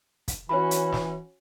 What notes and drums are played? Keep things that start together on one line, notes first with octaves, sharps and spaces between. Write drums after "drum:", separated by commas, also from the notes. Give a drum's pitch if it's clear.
drum: kick, hi-hat
E3 C#4 F#4 C#5 B5
drum: hi-hat
drum: snare